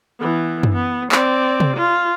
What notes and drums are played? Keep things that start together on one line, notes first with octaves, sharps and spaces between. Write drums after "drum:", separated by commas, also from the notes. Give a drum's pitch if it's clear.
E3 B3
drum: tom F#2
B3
C4 D5, drum: clap
drum: tom C3
F4